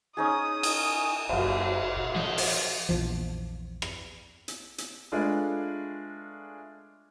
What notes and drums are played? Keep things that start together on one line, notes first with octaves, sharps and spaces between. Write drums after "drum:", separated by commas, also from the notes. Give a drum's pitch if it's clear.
C#4 D#4 G#4 D#6
drum: cymbal
F#1 A#3, drum: cymbal
A#2
F3 D#5
drum: open hi-hat
A#1 E2 F3
drum: rim click
drum: hi-hat
drum: hi-hat
G#3 A3 D4 F4 B4